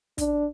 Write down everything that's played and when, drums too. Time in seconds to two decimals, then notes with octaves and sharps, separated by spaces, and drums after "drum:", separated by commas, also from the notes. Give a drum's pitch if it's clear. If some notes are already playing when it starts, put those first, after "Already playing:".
0.18 D4, drum: kick, hi-hat